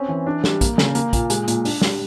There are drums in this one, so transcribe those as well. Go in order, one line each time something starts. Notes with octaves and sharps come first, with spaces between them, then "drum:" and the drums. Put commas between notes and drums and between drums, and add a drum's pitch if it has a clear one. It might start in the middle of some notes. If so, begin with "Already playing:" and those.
Already playing: C4 C#4
E3
D4
G3, drum: snare
A#3, drum: kick, hi-hat
C#3, drum: snare
A#3, drum: hi-hat
A#2, drum: kick, hi-hat
G#3, drum: hi-hat
A#2, drum: hi-hat
D4, drum: open hi-hat
G3, drum: snare